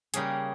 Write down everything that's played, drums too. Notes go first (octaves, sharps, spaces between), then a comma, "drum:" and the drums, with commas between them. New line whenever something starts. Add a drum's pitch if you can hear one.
C#3 G3 A#3 C#4 G#4, drum: hi-hat